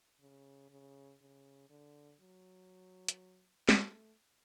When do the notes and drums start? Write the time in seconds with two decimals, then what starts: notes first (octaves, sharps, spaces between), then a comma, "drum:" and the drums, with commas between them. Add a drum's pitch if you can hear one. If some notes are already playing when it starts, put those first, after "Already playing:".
0.21 C#3
0.70 C#3
1.21 C#3
1.70 D3
2.21 F#3
3.08 drum: hi-hat
3.69 A3, drum: snare